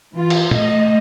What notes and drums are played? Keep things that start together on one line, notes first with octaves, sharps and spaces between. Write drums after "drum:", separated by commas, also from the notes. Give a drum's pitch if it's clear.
E3 F4
drum: cymbal
A3 D#5, drum: tom